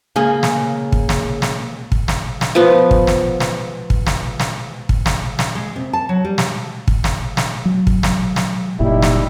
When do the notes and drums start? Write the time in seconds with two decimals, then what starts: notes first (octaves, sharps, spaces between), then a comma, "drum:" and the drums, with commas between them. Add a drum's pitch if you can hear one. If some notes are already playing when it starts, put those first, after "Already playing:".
0.16 C#3 A#3 G#4
0.43 drum: snare
0.92 drum: kick
1.09 drum: snare
1.42 drum: snare
1.92 drum: kick
2.08 drum: snare
2.41 drum: snare
2.55 F3 B3
2.91 drum: kick
3.07 drum: snare
3.40 drum: snare
3.90 drum: kick
4.07 drum: snare
4.40 drum: snare
4.89 drum: kick
5.06 drum: snare
5.39 drum: snare
5.55 G#3
5.76 C3
5.93 A5
6.09 F#3
6.25 G3
6.38 drum: snare
6.88 drum: kick
7.04 drum: snare
7.37 drum: snare
7.65 F#3
7.87 drum: kick
8.03 drum: snare
8.36 drum: snare
8.80 F#1 A#2 G3 D#4 E4
9.02 drum: snare